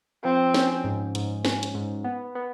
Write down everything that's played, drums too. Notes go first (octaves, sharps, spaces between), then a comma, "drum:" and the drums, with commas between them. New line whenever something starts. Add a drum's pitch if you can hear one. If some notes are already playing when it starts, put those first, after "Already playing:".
F3 C4
C#4, drum: snare
G#2
G#2, drum: hi-hat
C#4, drum: snare
drum: hi-hat
G#2
B3
B3